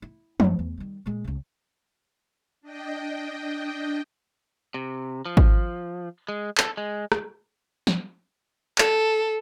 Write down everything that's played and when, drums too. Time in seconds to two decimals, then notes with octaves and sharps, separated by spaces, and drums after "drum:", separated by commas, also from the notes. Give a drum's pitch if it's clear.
0.02 E4
0.40 F#2 A3, drum: tom
0.59 E2
0.78 D#3 G3
1.06 A#2 G#3
1.24 C#2 C#3
2.61 D4 D#5 G5
4.74 C3
5.26 F3
5.37 drum: kick G#1
6.28 G#3
6.58 A4, drum: clap
6.77 G#3
7.12 drum: rim click
7.87 drum: snare
8.78 A4, drum: clap